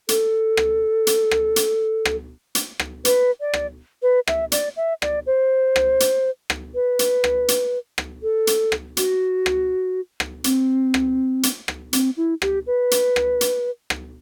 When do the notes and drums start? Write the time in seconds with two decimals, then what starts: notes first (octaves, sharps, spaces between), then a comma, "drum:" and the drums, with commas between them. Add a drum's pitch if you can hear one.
0.09 A4, drum: hi-hat
0.57 drum: rim click
1.07 drum: hi-hat
1.31 drum: rim click
1.56 drum: hi-hat
2.05 drum: rim click
2.55 drum: hi-hat
2.79 drum: rim click
3.05 B4, drum: hi-hat
3.41 D5
3.54 drum: rim click
4.02 B4
4.27 E5, drum: rim click
4.52 D5, drum: hi-hat
4.76 E5
5.02 D5, drum: rim click
5.26 C5
5.76 drum: rim click
6.00 drum: hi-hat
6.50 drum: rim click
6.75 B4
6.99 drum: hi-hat
7.24 drum: rim click
7.48 drum: hi-hat
7.98 drum: rim click
8.23 A4
8.47 drum: hi-hat
8.72 drum: rim click
8.97 F#4, drum: hi-hat
9.46 drum: rim click
10.20 drum: rim click
10.44 C4, drum: hi-hat
10.94 drum: rim click
11.43 drum: hi-hat
11.68 drum: rim click
11.93 C4, drum: hi-hat
12.17 E4
12.42 G4, drum: rim click
12.67 B4
12.91 drum: hi-hat
13.16 drum: rim click
13.41 drum: hi-hat
13.90 drum: rim click